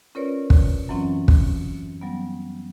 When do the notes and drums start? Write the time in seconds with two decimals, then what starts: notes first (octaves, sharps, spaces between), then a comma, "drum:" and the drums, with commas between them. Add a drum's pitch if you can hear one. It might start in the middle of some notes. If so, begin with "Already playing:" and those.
0.15 C#4 F4 A#4 B4 C#5 D5
0.50 drum: kick
0.89 F#2 E3 F#3 C4 C#4 F4
1.28 drum: kick
2.01 F#3 G3 B3